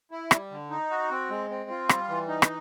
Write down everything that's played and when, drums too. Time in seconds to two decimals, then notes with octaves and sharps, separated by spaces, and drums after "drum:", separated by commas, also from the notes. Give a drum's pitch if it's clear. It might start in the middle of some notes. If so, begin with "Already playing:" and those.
0.11 E4
0.31 G3, drum: rim click
0.51 D3
0.70 D#4
0.90 F#4
1.11 C4
1.30 G#3
1.50 C4
1.70 F4
1.89 G3, drum: rim click
2.09 E3
2.28 D#4
2.42 drum: rim click